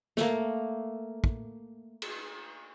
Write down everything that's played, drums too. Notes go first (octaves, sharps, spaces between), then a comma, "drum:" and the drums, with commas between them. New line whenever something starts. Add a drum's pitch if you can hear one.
A3 A#3, drum: snare
drum: kick
drum: cymbal